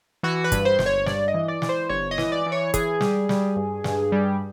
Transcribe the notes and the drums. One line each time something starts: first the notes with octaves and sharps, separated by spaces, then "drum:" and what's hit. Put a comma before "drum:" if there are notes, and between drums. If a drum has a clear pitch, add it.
E3 F#4
B4
G2, drum: kick, hi-hat
C5
G1, drum: snare
C#5
G2 D5, drum: snare
D#5
E3
D5
E3, drum: snare
C5
G1 C#5
D#5
E3, drum: snare
D5
E3
C#5
E3 G#4, drum: kick, hi-hat
G3, drum: snare
G3, drum: snare
G2
G2, drum: snare
G3